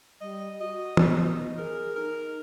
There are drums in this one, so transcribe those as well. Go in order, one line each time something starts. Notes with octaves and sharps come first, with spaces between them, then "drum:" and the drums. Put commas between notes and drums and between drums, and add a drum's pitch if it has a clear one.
G3 D#5
F#4 D#5
drum: tom
B3 D#4
G#4 A#4
D#4 A#4